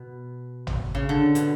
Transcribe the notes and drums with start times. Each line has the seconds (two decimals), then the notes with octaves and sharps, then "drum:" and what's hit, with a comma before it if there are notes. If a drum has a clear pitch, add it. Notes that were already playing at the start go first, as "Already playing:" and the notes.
Already playing: B2
0.67 drum: tom G#1
0.95 C#3
1.09 D3
1.35 B2, drum: hi-hat